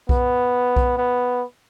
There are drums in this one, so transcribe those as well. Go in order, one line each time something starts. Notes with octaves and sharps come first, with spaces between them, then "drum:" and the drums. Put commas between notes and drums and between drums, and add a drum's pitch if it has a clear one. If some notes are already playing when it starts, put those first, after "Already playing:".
B3, drum: kick B1
drum: kick B1
B3